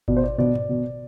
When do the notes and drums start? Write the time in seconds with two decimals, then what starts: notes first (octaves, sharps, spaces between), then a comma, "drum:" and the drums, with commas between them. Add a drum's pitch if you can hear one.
0.08 B2 D5, drum: kick G#1
0.16 C5
0.24 D5
0.38 B2 D5
0.55 drum: tom G2
0.69 B2